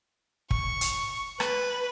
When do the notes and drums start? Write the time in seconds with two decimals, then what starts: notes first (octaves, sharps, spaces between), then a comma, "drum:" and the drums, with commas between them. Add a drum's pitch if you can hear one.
0.51 C#6, drum: kick
0.81 drum: hi-hat
1.40 B4, drum: rim click